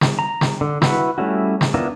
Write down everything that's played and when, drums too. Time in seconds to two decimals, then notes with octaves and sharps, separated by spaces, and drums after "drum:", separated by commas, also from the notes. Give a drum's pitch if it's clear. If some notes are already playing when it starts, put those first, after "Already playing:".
0.01 drum: snare
0.19 A#5
0.41 drum: snare
0.61 D3
0.82 E4 F#4 B4 F#5, drum: snare
1.18 G3 A3 C#4 E4 F#4
1.61 drum: snare
1.74 B3 D4 E4 F4 A#4